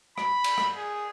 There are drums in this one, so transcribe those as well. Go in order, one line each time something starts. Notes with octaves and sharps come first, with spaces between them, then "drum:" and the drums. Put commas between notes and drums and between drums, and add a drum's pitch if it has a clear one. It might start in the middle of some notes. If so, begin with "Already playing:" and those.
B5, drum: rim click
drum: cymbal
drum: rim click
G#4